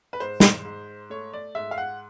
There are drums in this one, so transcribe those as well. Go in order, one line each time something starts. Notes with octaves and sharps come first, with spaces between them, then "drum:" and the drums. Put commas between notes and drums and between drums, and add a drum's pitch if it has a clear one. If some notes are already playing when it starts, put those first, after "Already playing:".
B4
G#2 C5
drum: snare
G#2
A3 C#5
D5
G#2 E5
F5
F#5